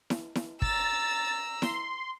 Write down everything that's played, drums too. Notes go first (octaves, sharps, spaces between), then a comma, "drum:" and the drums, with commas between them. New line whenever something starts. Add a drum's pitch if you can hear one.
drum: snare E4
drum: snare E4
A#5 E6 A6, drum: kick
C6, drum: snare E4